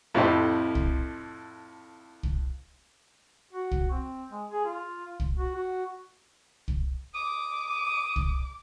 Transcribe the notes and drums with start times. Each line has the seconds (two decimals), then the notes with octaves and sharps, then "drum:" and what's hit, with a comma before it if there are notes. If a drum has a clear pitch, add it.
0.14 F2 A2 C4 E4 G4 C5
0.75 drum: kick
2.23 drum: kick
3.53 F#4
3.71 drum: kick
3.91 C4
4.31 G#3
4.52 G#4
4.65 F4
5.20 drum: kick
5.37 F#4
5.55 F#4
6.68 drum: kick
7.15 D6 D#6
8.16 drum: kick